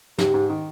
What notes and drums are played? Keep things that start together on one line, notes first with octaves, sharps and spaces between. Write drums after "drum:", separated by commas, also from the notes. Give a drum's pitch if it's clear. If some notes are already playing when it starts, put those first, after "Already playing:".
G#2 G4, drum: snare
G#2
D#3